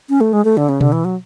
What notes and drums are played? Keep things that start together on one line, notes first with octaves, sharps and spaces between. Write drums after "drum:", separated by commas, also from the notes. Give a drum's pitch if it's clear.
C#4
A3
G#3
A3
D3
C#3
D3, drum: tom B2
E3
F#3